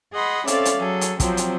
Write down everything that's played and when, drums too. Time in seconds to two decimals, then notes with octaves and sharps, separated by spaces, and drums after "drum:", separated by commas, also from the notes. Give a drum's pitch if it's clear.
0.13 G#4 D#5 F#5 B5 C6
0.47 C4 C#4 A4 D5 E5 F5, drum: hi-hat
0.65 drum: hi-hat
0.78 F#3 G#4 A4
1.01 drum: hi-hat
1.20 C3 F3 F#3 C4, drum: kick, hi-hat
1.37 drum: hi-hat